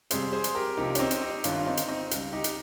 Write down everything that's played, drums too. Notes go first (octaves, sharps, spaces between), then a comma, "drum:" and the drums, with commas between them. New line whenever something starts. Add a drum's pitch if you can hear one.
F2 C3 G3 G#4 C5, drum: hi-hat
G#4 C5
drum: hi-hat
G4 A#4
C2 C3 F3 D#4 G4
C#4, drum: hi-hat
C4 D#4
drum: hi-hat
D#4 G4
G1 G2 D#3 C#4 F4, drum: hi-hat
F4
C4 D#4
drum: hi-hat
C4 D#4
C#2 C#3 G3, drum: hi-hat
D#4 G4
drum: hi-hat